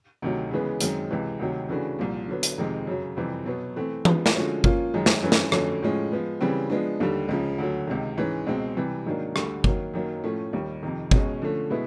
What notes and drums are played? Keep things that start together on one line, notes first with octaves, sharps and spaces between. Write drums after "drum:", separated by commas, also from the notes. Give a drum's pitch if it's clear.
D2 C3 D#3 F#3
C#3 E3 G#3 B3
F#2 D#3 G#3 C4, drum: hi-hat
C#2 C3 E3
D2 C3 D#3 F#3
C#3 E3 A3 D4 F#4
C2 A#2 F3
D3 F#3 B3
drum: hi-hat
F2 C3 D#3 G#3 C4
F#2 C#3 F#3
F2 C3 E3 G3 C4
B2 F#3 B3
E3 A3 C4
F3 G#3 B3, drum: tom E3
drum: snare
D3 F3 G#3 C#4 F#4
F3 A#3 C#4 F4, drum: kick G1
F#2 D#3 G#3
drum: snare
G2 E3 A3 C#4
drum: snare
F2 D3 F#3 A3 C#4, drum: rim click
A2 F3 G#3 C#4
F3 G#3 B3
C#3 E3 G3 C4
F3 G#3 B3 D4
D#2 D3 G3
C#2 C#3 F3
D2 D3 F#3
C#2 C3 D#3
G#2 E3 G#3 C#4
C#2 B2 G#3 C4
C3 E3 G3
G#2 D#3 F#3 A#3 D4
D2 D3 G3, drum: rim click
D#3 F#3 A#3, drum: kick G1
F#2 D#3 F#3 A#3
A2 F3 A3 C#4
D#2 D#3 G3
F2 C3 D#3
C#2 B2 G#3 C#4, drum: kick G1
D3 F3 A3 C#4
B2 G#3 B3 E4